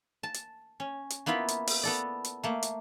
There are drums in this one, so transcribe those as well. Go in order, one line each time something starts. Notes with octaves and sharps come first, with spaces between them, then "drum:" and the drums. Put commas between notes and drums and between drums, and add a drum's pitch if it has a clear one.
A5
drum: hi-hat
C#4
drum: hi-hat
A#3 B3 E4 F4 B5
drum: hi-hat
drum: open hi-hat
B3 A4 D5
drum: hi-hat
A3 A#3
drum: hi-hat